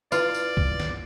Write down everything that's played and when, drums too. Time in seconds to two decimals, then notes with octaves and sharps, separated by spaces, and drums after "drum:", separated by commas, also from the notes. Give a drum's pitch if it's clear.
0.12 E4 F4 B4 D5, drum: tambourine
0.34 drum: tambourine
0.57 drum: kick C2
0.80 drum: snare